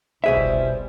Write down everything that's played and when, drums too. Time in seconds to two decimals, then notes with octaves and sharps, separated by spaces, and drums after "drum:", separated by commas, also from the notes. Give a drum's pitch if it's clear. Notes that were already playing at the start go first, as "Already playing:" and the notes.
0.24 C2 B2 G3 E4 G#4 C5 E5
0.37 drum: kick F1